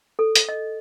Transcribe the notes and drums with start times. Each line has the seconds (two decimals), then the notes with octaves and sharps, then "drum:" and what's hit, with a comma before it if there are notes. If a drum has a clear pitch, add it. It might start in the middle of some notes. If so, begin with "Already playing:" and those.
0.19 A4
0.36 drum: hi-hat
0.49 D#5